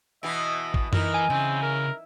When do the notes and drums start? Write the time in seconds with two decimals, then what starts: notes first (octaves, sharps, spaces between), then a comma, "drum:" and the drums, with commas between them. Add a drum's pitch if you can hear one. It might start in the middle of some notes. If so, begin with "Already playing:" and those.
0.23 B2 E3 B3 E5
0.74 drum: kick
0.93 E3 D#4 A#4, drum: tom F#2
1.14 G#5
1.30 C#3 E3 C4
1.62 A#4